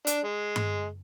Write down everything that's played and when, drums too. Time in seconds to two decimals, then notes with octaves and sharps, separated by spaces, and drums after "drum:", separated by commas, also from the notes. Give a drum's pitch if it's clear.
0.07 D4, drum: hi-hat
0.25 G#3
0.56 drum: tom G2